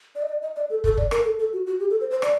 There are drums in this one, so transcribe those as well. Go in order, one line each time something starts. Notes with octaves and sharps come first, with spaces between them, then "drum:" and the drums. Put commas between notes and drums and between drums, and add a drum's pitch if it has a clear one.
D5
D#5
D5
D#5
D5
A4
A4, drum: kick
D5, drum: kick
A#4, drum: rim click
A4
A4
F#4
F#4
G4
A4
C5
C5
D5, drum: rim click